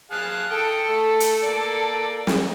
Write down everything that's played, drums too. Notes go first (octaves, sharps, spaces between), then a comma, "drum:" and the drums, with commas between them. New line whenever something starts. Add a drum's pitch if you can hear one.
G#4 F5 A5 F#6
A4 G5 D#6
A3
drum: hi-hat
A#3 D5
drum: snare